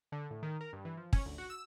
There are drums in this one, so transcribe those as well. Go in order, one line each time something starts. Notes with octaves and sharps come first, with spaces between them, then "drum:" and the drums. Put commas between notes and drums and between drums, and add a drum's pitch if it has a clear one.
D3
A2
D#3
A#4
G2
E3
F3
C#4, drum: kick
D2
F#4
E6